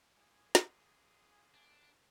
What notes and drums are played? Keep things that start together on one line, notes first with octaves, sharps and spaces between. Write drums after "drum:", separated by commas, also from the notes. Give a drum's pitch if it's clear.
G#3 A#3 G#4
drum: snare
D4